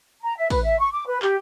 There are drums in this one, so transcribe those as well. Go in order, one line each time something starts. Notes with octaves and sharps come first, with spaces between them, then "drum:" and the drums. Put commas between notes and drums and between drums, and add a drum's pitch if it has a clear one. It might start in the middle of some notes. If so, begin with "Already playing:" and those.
A#5
E5
B4, drum: kick, open hi-hat
E5
C#6
D6
B4
G4, drum: clap